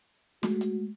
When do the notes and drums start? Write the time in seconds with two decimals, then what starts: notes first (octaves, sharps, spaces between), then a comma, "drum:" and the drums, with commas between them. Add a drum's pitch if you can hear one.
0.43 G#3 A3 F#4, drum: snare
0.61 drum: hi-hat